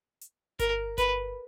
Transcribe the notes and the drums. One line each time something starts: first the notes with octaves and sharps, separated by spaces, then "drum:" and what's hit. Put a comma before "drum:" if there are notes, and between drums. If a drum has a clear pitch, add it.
drum: hi-hat
A#4, drum: kick G1, hi-hat
B4, drum: kick G1, hi-hat